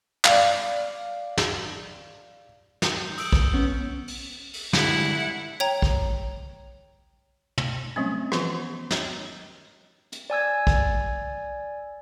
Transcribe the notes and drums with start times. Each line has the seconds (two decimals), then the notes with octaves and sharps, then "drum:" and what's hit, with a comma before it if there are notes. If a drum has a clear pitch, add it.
0.25 D5 F5, drum: clap
1.38 drum: snare
2.82 G6 C#7, drum: snare
3.18 D#6 E6 D7, drum: open hi-hat
3.32 drum: kick A#1
3.53 B3 C#4
4.08 drum: open hi-hat
4.53 drum: open hi-hat
4.73 D3 G3 G#3 E4 F#5, drum: snare
5.60 C#5 G5 A#5
5.82 drum: kick A#1
7.58 drum: tom
7.96 F#3 G3 A3 C4 C#4
8.32 E3 F3 B3 F4, drum: rim click
8.91 C#5, drum: snare
10.13 drum: hi-hat
10.30 D5 G#5 E6 G#6
10.67 drum: kick A#1